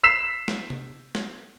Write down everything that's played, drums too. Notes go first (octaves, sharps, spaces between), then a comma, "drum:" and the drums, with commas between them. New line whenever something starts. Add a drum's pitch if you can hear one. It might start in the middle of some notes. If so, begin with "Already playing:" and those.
E6 B6 C7 E7
drum: snare
drum: tom C3
drum: snare